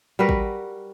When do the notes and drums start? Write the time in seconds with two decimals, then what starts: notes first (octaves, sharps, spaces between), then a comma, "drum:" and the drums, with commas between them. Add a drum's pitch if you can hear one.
0.19 G3 F#4 A#4 B4
0.29 drum: kick